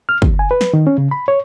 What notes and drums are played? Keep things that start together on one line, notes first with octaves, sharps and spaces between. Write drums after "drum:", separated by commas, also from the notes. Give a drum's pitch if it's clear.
F6
D#2, drum: kick
G#5
B4
drum: snare
D#3
C#4
C#3
B5
C#5